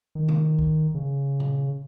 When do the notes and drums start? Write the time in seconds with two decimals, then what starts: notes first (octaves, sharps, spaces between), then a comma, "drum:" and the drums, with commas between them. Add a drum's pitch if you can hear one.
0.15 D#3
0.28 drum: tom C3
0.59 drum: kick
0.94 C#3
1.40 drum: tom A#2